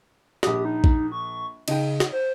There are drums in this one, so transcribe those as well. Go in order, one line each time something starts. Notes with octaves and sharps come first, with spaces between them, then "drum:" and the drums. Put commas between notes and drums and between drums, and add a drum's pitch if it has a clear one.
A#1 G4 D#6, drum: snare
D#4
drum: kick A#1
C#6
C#3 D#4 G5, drum: cymbal
drum: snare
C5